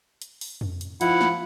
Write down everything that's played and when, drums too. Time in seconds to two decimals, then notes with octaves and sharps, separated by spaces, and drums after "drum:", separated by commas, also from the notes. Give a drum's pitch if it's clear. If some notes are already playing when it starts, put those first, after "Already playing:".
0.22 drum: hi-hat
0.41 drum: open hi-hat
0.61 drum: tom F2
0.81 drum: hi-hat
1.01 F3 E4 F#5, drum: hi-hat
1.21 drum: snare